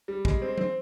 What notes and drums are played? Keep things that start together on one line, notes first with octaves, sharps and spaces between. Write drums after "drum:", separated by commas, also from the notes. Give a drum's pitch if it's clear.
G3
G#3, drum: kick
C4
C4, drum: tom F#3